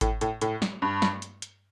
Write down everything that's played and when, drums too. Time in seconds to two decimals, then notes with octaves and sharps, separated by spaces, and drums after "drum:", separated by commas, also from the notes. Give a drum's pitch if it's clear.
0.01 A2, drum: kick G#1, hi-hat
0.21 A2, drum: hi-hat
0.41 A2, drum: hi-hat
0.62 drum: snare
0.82 G2
1.02 drum: snare
1.22 drum: hi-hat
1.42 drum: hi-hat